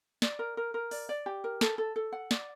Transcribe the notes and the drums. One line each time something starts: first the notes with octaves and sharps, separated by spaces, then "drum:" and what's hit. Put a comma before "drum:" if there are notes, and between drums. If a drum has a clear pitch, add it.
D5, drum: snare
A#4
A#4
A#4
D5, drum: open hi-hat
D5
G4
A#4
A4, drum: snare
A4
A4
F#5
D5, drum: snare